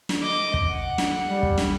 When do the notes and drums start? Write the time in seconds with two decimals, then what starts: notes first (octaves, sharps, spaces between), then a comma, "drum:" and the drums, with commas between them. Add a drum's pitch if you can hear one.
0.09 drum: snare
0.22 D#5 D6
0.54 drum: kick
0.69 F#5
0.98 drum: snare
1.22 G3
1.43 drum: kick
1.58 drum: snare